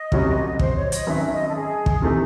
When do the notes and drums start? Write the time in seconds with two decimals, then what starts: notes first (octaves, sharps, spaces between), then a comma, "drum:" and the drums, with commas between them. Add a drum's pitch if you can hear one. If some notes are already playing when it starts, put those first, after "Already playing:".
Already playing: D#5
0.12 C2 C3 F#3 C#4, drum: kick
0.59 C5, drum: kick
0.76 C#5
0.92 D#5, drum: hi-hat
1.07 G#1 F#2 D#3 E5
1.31 D#5
1.48 A4
1.55 G#4
1.86 drum: kick
2.02 C3 E3 A3 D#4